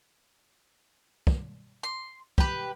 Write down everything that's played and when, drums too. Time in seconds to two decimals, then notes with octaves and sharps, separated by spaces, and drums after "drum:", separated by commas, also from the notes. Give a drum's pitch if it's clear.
1.27 drum: kick
1.83 C6
2.38 G4 B4, drum: kick